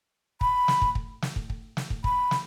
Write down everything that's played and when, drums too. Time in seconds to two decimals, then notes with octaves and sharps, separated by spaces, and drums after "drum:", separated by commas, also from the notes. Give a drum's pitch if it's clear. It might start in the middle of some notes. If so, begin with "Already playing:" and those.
0.41 B5, drum: kick
0.68 drum: snare
0.82 drum: kick
0.95 drum: kick
1.22 drum: snare
1.36 drum: kick
1.50 drum: kick
1.77 drum: snare
1.90 drum: kick
2.04 B5, drum: kick
2.31 drum: snare